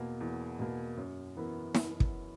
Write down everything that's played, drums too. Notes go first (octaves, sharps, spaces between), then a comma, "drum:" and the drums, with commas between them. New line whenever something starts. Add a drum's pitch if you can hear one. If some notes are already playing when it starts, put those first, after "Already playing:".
Already playing: E2 B2 A#3
E2
B2 A#3
F#2
E3 B3 E4 A#4
drum: snare
drum: kick